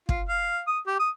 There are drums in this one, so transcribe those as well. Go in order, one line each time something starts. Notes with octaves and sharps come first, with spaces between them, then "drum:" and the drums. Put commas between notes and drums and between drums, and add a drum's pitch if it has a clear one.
F4, drum: kick
F5
D#6
G4
D#6